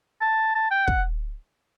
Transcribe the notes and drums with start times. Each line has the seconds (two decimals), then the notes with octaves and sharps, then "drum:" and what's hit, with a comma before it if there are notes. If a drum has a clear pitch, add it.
0.21 A5
0.55 A5
0.71 G5
0.88 F#5, drum: kick